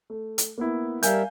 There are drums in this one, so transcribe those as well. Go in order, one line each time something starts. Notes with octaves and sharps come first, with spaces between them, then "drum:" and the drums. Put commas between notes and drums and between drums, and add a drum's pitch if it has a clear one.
A3
drum: hi-hat
A#3 B3 E4
G3 A#4 E5 F5 G#5 G6, drum: hi-hat